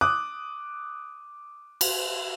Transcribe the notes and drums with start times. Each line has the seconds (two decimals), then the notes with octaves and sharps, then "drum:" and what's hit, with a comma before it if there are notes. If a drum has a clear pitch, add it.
0.01 D6 D#6 F#6
1.81 drum: cymbal